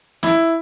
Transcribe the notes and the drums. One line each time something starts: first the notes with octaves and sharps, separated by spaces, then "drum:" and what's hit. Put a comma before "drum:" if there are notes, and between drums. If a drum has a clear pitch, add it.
E4, drum: snare